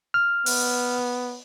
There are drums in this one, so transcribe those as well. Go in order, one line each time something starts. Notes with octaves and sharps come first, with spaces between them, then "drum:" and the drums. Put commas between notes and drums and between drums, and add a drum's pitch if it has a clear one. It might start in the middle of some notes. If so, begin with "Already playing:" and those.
F6
B3, drum: open hi-hat